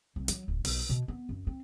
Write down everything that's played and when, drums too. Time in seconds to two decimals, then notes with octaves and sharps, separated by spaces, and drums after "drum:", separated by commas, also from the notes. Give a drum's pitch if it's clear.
0.16 C2
0.28 F#3, drum: hi-hat
0.48 D1
0.65 B1, drum: open hi-hat
0.89 B2
1.08 B3
1.29 F#2
1.47 C4